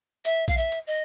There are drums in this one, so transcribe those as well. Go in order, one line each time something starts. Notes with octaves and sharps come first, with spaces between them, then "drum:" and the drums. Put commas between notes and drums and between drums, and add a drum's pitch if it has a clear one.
E5, drum: hi-hat
F5, drum: kick A#1, hi-hat
E5
drum: hi-hat
D#5